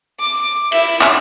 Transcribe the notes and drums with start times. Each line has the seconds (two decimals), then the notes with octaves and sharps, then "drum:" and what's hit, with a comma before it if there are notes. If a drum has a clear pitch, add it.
0.20 D6
0.72 E4 E5, drum: cymbal
1.01 drum: clap